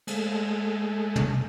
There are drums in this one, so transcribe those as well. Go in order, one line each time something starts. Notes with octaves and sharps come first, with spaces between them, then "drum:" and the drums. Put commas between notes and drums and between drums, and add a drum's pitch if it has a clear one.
G#3 A3, drum: cymbal
drum: tom